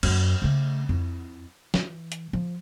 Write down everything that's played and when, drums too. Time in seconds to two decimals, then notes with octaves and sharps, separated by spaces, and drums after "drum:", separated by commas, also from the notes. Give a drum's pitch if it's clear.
0.03 F#2 A#3, drum: cymbal
0.42 C#3 A3
0.89 F2 E4
1.74 E3, drum: snare
2.12 drum: hi-hat
2.33 F3